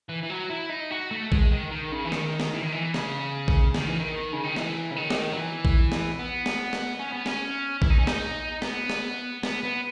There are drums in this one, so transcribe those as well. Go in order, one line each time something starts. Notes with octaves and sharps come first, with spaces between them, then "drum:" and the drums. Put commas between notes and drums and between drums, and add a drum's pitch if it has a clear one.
E3
E3
F#3
E4
D#4
F#4
A3
G#3, drum: kick A#1
D#3
D#3
C#3
E3
D#3, drum: snare
drum: snare
E3
D#3
E3
C#3, drum: snare
drum: kick A#1
D#3, drum: snare
E3
D#3
C#3
D#3
E3, drum: snare
C#3
D#3
drum: snare
F#3
E3
drum: kick A#1
drum: snare
B3
drum: snare
drum: snare
C#4
B3
C#4, drum: snare
E4, drum: kick A#1
D#4
C#4
D#4, drum: snare
B3, drum: snare
drum: snare
B3, drum: snare
B3